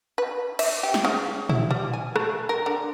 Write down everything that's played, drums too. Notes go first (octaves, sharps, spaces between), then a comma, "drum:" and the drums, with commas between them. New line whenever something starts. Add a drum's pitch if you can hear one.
B4
E5, drum: cymbal
G4
drum: snare
C#3
E4, drum: tom A#2
G3
G#5
A3, drum: rim click
A#4
D3